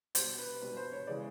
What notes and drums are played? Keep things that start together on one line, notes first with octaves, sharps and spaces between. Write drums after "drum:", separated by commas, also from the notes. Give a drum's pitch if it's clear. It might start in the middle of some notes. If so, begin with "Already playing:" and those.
B2 G3 C5, drum: hi-hat
B4
B2 G3 B4
C5
C#5
C#3 E3 G#3 D5